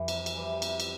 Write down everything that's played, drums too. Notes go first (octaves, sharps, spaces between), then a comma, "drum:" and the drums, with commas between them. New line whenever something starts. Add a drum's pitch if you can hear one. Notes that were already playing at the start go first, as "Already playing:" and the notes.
Already playing: F2 E3 G3
C3, drum: cymbal
drum: cymbal
E3 G3
C3, drum: cymbal
drum: cymbal